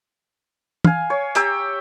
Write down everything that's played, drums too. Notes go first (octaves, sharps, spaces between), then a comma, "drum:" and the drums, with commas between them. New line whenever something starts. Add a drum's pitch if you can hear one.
F5 G#5, drum: tom
C#5
G4 G5 A#5 E6, drum: hi-hat